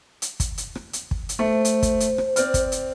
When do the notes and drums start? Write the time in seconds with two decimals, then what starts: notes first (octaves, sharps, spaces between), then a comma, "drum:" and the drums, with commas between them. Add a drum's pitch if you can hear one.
0.22 drum: hi-hat
0.40 drum: kick, hi-hat
0.58 drum: hi-hat
0.75 drum: rim click
0.93 drum: hi-hat
1.11 drum: kick
1.29 drum: hi-hat
1.39 A3 C5
1.65 drum: hi-hat
1.83 drum: kick, hi-hat
2.00 drum: hi-hat
2.18 drum: rim click
2.36 C4 D5 F6, drum: hi-hat
2.54 drum: kick, hi-hat
2.72 drum: hi-hat